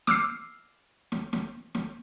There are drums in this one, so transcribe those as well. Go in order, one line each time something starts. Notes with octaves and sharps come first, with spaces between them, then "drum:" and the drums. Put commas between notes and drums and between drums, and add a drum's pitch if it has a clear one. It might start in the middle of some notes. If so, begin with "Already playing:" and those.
D6 E6 F6 C7, drum: snare
drum: snare
drum: snare
drum: snare